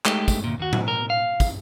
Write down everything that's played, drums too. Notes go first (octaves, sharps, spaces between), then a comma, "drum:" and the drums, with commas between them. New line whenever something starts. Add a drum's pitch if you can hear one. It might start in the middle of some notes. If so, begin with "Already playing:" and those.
G#3 A3 D#4 G4, drum: clap
drum: kick, tambourine
D2 A#2
D#2 F#4
drum: tom A2
A#4
F5
drum: kick, tambourine